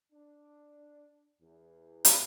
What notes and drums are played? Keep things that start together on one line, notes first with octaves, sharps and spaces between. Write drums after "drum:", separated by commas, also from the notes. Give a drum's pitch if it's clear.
D4
E2
drum: hi-hat